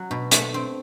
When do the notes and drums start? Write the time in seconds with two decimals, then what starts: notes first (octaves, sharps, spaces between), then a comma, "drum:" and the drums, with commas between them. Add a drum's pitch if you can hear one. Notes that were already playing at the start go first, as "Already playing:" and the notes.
Already playing: F#3
0.10 B2 D4
0.31 A3 D4, drum: hi-hat
0.54 C4 D4